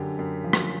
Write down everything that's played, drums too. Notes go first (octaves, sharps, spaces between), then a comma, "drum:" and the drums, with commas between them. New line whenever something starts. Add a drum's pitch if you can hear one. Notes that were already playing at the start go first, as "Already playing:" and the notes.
Already playing: F#2 D3 G4
F#2
F3
drum: rim click